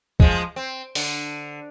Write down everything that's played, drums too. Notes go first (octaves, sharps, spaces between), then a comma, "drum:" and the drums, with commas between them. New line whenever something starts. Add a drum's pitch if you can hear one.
F3 G#3, drum: kick
C4
D3, drum: open hi-hat